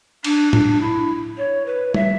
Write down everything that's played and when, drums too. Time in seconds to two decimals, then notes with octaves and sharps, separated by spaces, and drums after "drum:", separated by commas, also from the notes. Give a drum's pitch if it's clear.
0.24 D4, drum: cymbal
0.53 D4, drum: tom
0.81 E4
1.38 C#5
1.66 B4
1.94 E5, drum: tom